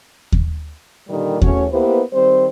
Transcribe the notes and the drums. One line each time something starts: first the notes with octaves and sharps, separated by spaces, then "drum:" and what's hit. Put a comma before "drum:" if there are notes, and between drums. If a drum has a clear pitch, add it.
drum: kick D#2
A#2 D3 D#3 G3
E2 A3 C#4 F#4 C#5, drum: kick D#2
A#3 B3 E4 G4 B4 C5
D#3 G3 C4 C5